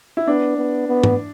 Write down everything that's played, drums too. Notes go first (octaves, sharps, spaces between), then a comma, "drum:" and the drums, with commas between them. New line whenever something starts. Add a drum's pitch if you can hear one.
E4
B3 D4
B3
B3
drum: tom G#2